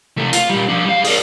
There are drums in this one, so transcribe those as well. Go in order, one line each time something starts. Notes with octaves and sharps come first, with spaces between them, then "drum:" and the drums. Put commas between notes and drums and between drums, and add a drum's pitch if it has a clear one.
C3 A3
F4, drum: hi-hat
A#2 G3
F3 D4
G3 F5
G#4 A#4, drum: open hi-hat